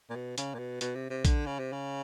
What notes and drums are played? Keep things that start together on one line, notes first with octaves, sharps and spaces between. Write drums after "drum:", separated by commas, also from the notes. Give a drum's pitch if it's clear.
A#2
B2
C#3, drum: hi-hat
A#2
B2
B2, drum: hi-hat
C3
C3
D3, drum: kick A#1, hi-hat
C#3
C3
C#3